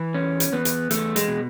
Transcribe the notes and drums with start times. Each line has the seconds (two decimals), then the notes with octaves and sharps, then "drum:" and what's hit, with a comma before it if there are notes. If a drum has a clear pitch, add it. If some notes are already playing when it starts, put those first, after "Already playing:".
Already playing: E3
0.14 E2 C#4
0.40 drum: hi-hat
0.52 E2 B3
0.65 drum: hi-hat
0.91 E2 A3, drum: hi-hat
1.16 G#3, drum: hi-hat
1.28 B2